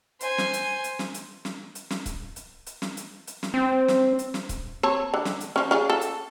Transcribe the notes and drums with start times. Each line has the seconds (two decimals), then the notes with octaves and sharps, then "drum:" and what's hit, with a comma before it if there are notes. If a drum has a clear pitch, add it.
0.21 C5 G#5, drum: hi-hat
0.38 drum: snare
0.54 drum: hi-hat
0.84 drum: hi-hat
0.99 drum: snare
1.14 drum: hi-hat
1.45 drum: snare
1.75 drum: hi-hat
1.90 drum: snare
2.06 drum: kick, hi-hat
2.36 drum: hi-hat
2.67 drum: hi-hat
2.82 drum: snare
2.97 drum: hi-hat
3.27 drum: hi-hat
3.43 drum: snare
3.54 C4
3.88 drum: snare
4.19 drum: hi-hat
4.34 drum: snare
4.49 drum: kick, hi-hat
4.83 C4 C#5 A5
5.14 D3
5.25 drum: snare
5.41 drum: hi-hat
5.56 F3 C#4
5.71 C#4 F4 G#4
5.90 A4
6.01 drum: hi-hat